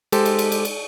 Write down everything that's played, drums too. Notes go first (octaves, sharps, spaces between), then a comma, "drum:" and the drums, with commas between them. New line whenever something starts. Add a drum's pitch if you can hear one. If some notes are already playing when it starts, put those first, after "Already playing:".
G#3 G4 A4 C5, drum: cymbal
drum: cymbal
drum: cymbal
drum: cymbal
drum: cymbal